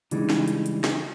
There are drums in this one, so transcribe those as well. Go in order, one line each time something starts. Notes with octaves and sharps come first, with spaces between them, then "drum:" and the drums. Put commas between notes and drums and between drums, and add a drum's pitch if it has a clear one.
C#3 E3 G3 G#3 D4 D#4, drum: hi-hat
drum: snare
drum: hi-hat
drum: hi-hat
drum: snare